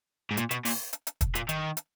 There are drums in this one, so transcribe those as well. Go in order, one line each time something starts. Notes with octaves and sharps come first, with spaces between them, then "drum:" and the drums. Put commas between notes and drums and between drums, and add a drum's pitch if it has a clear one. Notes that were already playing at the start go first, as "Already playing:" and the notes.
G#2
A#2, drum: hi-hat
B2, drum: hi-hat
A#2, drum: open hi-hat
drum: hi-hat
drum: hi-hat
drum: kick, hi-hat
A#2, drum: hi-hat
D#3, drum: hi-hat
drum: hi-hat